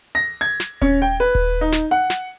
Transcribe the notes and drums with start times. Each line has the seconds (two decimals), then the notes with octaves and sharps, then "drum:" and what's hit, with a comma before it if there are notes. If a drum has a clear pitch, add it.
0.15 A#6
0.41 G#6
0.60 drum: snare
0.81 C#4, drum: kick D#1
1.02 G5
1.20 B4
1.35 drum: kick D#1
1.61 D#4
1.72 drum: snare
1.91 F#5
2.10 drum: snare